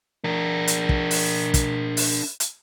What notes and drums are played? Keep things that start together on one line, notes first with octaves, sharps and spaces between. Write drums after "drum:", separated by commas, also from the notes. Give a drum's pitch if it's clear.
D4 A#4
drum: hi-hat
drum: kick
drum: open hi-hat
drum: kick, hi-hat
drum: open hi-hat
drum: hi-hat